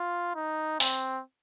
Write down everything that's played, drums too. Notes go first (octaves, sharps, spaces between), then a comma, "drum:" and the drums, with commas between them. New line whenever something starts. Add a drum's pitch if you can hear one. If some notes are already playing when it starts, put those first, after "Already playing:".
Already playing: F4
D#4
C4, drum: open hi-hat